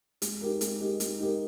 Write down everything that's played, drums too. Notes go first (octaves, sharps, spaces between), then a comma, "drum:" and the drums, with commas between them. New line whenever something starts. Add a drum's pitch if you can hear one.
G#3, drum: hi-hat
D#4 G4 A#4
G#3, drum: hi-hat
D#4 G4 A#4
G#3, drum: hi-hat
D#4 G4 A#4